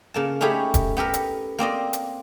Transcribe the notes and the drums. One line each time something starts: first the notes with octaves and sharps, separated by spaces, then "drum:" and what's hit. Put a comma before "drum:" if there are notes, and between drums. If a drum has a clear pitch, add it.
C#3 A#3 A5
A3 C#4 D#4 E4 G4 G#4
drum: kick E1, hi-hat
B3 G4 A4 A#4
drum: hi-hat
A#3 C4 D5 D#5
drum: hi-hat